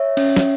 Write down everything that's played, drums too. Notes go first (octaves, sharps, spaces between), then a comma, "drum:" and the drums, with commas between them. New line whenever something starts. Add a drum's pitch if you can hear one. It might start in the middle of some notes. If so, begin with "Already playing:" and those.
Already playing: C#5 E5
C#4, drum: cymbal
drum: snare